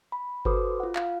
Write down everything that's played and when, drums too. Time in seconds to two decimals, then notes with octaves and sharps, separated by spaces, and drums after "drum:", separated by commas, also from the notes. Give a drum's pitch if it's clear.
0.12 B5
0.45 F#4 A4 B4 C5 D6 D#6, drum: kick G1
0.80 F4 F#5
0.96 F5, drum: clap